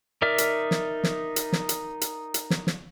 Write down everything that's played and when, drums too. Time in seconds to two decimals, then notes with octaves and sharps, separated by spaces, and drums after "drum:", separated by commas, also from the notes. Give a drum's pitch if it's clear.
0.22 D#4 A#4 D5 E5 F6
0.38 drum: hi-hat
0.71 drum: snare
1.04 drum: snare
1.36 drum: hi-hat
1.53 drum: snare
1.69 drum: hi-hat
2.01 drum: hi-hat
2.34 drum: hi-hat
2.50 drum: snare
2.67 drum: snare